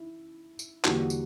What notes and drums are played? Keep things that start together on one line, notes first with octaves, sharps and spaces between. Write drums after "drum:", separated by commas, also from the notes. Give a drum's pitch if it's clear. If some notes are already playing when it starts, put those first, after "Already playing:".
Already playing: E4
drum: tambourine
E2 D3 G3 A#3 F#4, drum: clap
drum: tambourine